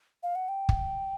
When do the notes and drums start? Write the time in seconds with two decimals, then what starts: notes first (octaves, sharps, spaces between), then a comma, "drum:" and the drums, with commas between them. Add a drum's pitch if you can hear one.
0.23 F5
0.35 F#5
0.49 G5
0.69 drum: kick